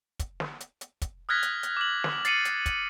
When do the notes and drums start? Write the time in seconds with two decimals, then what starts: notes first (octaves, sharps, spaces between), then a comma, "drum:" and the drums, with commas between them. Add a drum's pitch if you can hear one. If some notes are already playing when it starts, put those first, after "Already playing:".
0.19 drum: kick, hi-hat
0.40 drum: snare
0.60 drum: hi-hat
0.81 drum: hi-hat
1.02 drum: kick, hi-hat
1.29 D#6 F6 F#6 G#6 A#6 B6
1.43 drum: hi-hat
1.63 drum: hi-hat
1.77 D6 F#7
2.04 drum: snare
2.25 A6 C7 C#7 D#7 F#7, drum: hi-hat
2.45 drum: hi-hat
2.66 drum: kick, hi-hat